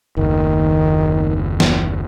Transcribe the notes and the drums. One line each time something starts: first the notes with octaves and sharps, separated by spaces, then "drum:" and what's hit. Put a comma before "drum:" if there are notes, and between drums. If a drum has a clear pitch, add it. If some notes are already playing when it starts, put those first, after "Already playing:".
F#1 D#2 D#3
drum: snare